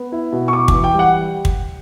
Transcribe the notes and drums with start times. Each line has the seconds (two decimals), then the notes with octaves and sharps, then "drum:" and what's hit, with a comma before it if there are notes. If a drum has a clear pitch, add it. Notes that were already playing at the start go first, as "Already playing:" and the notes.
Already playing: B3
0.12 E4
0.32 B2
0.48 C#6
0.53 E4 D6
0.68 E3 D6, drum: kick
0.84 G5
0.94 G3
0.99 F#5
1.45 drum: kick